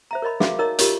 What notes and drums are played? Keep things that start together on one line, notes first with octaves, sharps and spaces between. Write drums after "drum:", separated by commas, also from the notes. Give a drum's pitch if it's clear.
C5 E5 A#5
A#4 C#5 D#5 B5 C6
F#4 G#4 E5 F5 D6, drum: snare
D#4 A#4 C#5 D#5 A#5 E6
F4 G4 A#4 C#5 D#5, drum: hi-hat